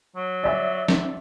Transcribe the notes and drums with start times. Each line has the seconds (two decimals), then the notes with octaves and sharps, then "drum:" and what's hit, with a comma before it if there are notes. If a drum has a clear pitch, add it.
0.16 F#3
0.43 D5 E5
0.88 drum: snare